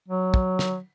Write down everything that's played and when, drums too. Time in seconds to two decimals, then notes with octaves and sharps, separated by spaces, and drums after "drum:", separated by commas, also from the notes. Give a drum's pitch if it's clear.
0.08 F#3
0.34 drum: kick
0.59 drum: snare